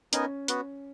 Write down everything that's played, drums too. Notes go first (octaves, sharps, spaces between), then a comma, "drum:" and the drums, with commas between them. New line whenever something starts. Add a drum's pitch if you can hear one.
B3 C#4 D#4 A#4 D#5 G#5, drum: hi-hat
B3 F#4 B4, drum: hi-hat